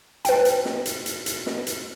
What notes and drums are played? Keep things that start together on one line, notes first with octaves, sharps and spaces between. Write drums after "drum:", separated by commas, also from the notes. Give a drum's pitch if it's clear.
B4 G5, drum: hi-hat
drum: hi-hat
drum: snare
drum: hi-hat
drum: hi-hat
drum: hi-hat
drum: snare
drum: hi-hat